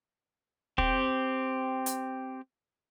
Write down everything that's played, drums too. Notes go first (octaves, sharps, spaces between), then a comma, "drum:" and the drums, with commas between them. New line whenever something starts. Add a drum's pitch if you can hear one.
C4 G4, drum: kick
drum: hi-hat